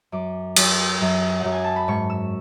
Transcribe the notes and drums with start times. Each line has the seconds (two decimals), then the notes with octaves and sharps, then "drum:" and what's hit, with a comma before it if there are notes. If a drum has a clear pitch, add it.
0.12 F#2 D6
0.56 F#3, drum: cymbal
1.01 F#2
1.40 F#2 F#5
1.52 G#5
1.64 A5
1.76 B5
1.88 G#2 C#6
2.10 E6